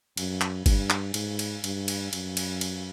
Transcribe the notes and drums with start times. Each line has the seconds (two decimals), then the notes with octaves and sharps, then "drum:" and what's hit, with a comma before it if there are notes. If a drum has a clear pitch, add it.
0.17 F#2, drum: cymbal
0.41 drum: clap
0.66 G2, drum: kick G1, cymbal
0.90 drum: clap
1.14 G#2, drum: cymbal
1.39 drum: cymbal
1.64 G2, drum: cymbal
1.88 drum: cymbal
2.13 F#2, drum: cymbal
2.37 drum: cymbal
2.61 drum: cymbal